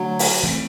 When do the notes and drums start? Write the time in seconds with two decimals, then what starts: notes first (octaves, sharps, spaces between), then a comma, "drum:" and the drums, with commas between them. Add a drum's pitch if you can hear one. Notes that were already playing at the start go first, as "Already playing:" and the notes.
Already playing: D3 F#3 A3 D4
0.19 drum: open hi-hat
0.43 E3 A3 C4